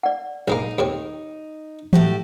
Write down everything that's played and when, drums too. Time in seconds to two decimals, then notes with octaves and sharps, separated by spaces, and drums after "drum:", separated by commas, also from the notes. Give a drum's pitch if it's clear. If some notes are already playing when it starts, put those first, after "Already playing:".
0.03 D5 F#5
0.48 A#1 G#3 A#3 D#4
0.78 D#2 A2 C4
1.93 A2 F#4 G4, drum: tom E3